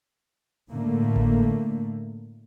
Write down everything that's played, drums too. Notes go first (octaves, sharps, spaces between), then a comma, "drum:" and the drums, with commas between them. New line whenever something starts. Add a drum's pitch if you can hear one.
A2 D3 A3 A#3
drum: kick G#1